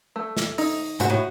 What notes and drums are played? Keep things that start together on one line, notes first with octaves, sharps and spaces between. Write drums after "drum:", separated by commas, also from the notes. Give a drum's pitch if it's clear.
A3
drum: snare
D#4, drum: open hi-hat
G#2 F#4, drum: hi-hat
A2